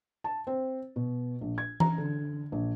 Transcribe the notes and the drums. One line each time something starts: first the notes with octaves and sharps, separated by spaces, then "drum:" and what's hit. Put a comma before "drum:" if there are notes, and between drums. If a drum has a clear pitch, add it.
A5
C4
B2
A#1
G#6
A#5, drum: tom E3
D3
A#1